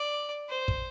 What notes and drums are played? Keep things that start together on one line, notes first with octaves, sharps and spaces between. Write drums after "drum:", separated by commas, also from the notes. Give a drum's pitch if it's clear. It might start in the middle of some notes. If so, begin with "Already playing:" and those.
Already playing: D5
C5
drum: kick